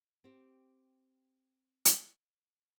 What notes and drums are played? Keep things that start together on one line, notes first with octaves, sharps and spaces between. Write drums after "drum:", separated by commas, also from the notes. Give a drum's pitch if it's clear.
C4 G4
drum: hi-hat